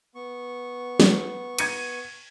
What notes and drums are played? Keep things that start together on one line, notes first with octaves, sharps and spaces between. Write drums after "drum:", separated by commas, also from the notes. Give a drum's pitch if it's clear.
B3 C#6
drum: snare
G#6 C#7 D#7, drum: cymbal